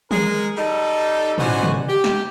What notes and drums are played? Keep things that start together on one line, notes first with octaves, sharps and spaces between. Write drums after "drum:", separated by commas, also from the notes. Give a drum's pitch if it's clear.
G#3 G#4 A#4, drum: tom
G3 D#4 A4
E3 C#4 D#4 F#4 C5 D5, drum: tom
drum: tom
G4
drum: snare